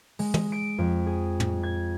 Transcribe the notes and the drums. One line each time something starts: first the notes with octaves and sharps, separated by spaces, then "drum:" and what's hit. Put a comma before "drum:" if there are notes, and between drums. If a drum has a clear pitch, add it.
G#3, drum: open hi-hat
drum: tom
D7
F2
G#4
drum: tom
G#6